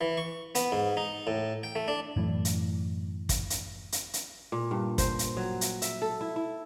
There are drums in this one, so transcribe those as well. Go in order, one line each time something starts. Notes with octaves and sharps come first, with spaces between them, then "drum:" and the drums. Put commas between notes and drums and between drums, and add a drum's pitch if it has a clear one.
E3
C#6
B3, drum: hi-hat
G#2
D#4
A2
G5
A3
D4
F#2 A2 E3
drum: hi-hat
drum: kick, hi-hat
drum: hi-hat
drum: hi-hat
drum: hi-hat
A#2
G2
C5, drum: kick, hi-hat
drum: hi-hat
F#3
drum: hi-hat
E5, drum: hi-hat
A4
E4
E4